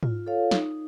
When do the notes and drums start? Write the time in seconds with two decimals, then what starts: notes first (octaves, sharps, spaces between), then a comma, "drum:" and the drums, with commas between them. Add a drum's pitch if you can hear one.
0.03 F4, drum: tom G#2
0.27 A4 C#5 F5
0.51 D#4, drum: snare